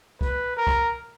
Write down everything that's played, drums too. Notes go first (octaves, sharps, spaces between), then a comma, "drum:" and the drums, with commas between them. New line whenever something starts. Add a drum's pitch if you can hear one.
B4, drum: kick
A#4
drum: kick